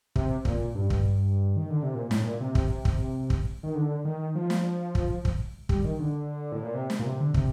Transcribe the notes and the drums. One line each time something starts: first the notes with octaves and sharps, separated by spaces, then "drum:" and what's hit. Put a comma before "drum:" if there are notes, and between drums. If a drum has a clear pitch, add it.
C3, drum: kick
A#2, drum: kick
G2
drum: kick
D#3
D3
C3
A#2
A2, drum: snare
A#2
C3
drum: kick
drum: kick
drum: kick
D#3
D3
D#3
F3
drum: snare
drum: kick
drum: kick
G3, drum: kick
D#3
D3
A2
A#2
C3
drum: snare
A#2
C3
D3
C3, drum: kick